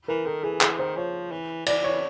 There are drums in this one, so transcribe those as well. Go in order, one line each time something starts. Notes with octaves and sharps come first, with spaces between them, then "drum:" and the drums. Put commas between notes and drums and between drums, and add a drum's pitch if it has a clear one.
E3 A#4
D#3 A4
E3 G#4
E3 G#4, drum: clap
D#3 C5
F3 C#5
E3
E3 D5, drum: cymbal
E3 C#5